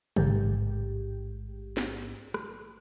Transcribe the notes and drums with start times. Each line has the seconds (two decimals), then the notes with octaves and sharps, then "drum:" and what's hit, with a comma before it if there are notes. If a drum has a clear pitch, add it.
0.17 A1 G#2 G4, drum: tom
1.77 drum: snare
2.34 drum: rim click